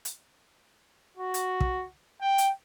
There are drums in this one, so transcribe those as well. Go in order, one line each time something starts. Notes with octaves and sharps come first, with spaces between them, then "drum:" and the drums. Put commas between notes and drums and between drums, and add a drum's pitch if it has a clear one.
drum: hi-hat
F#4
drum: hi-hat
drum: kick
G5
drum: hi-hat